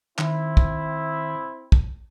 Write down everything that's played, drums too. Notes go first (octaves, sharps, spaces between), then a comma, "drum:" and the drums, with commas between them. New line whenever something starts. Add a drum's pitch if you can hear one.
D#3 C4 E4, drum: clap
drum: kick
drum: kick